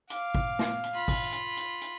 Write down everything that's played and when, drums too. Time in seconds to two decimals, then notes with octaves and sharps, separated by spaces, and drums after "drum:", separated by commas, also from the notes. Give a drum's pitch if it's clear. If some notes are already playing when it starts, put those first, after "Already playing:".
0.10 F5 D6, drum: hi-hat
0.35 drum: kick G#1
0.59 drum: snare
0.84 drum: hi-hat
0.95 F4 B5
1.08 drum: kick G#1, open hi-hat
1.32 drum: hi-hat
1.57 drum: hi-hat
1.81 drum: hi-hat